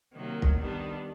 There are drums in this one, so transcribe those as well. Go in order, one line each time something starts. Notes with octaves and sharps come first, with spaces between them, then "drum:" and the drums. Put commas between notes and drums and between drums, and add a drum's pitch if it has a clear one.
C3 D#3 F#3 A#3
drum: kick
D#3 G3 B3 D4